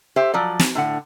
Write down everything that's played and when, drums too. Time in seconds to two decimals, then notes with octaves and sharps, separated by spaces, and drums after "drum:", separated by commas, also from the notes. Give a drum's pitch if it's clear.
0.16 G4 C5 E5
0.34 F3 F#3 D5
0.60 drum: snare
0.75 A2 D3 F#5